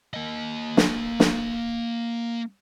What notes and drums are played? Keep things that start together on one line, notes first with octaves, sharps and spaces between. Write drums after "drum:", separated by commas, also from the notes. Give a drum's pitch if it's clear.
A#3 D#5
drum: snare
drum: snare